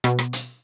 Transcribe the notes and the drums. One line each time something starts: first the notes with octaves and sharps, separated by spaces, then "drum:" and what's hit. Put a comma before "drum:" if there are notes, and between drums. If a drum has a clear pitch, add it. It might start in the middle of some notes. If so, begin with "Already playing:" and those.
B2, drum: rim click
drum: rim click
drum: hi-hat